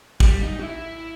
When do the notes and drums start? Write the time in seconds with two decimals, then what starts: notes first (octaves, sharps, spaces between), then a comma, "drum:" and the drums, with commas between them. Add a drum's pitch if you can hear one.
0.20 G3, drum: kick
0.42 D#4
0.59 F#4
0.63 E4